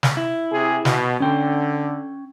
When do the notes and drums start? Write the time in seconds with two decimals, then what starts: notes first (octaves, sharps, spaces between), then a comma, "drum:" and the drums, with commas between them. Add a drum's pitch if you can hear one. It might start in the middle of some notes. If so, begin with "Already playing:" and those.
0.03 drum: snare
0.17 E4
0.51 C3 G#4
0.85 B2, drum: snare
1.20 D3 C#4 G5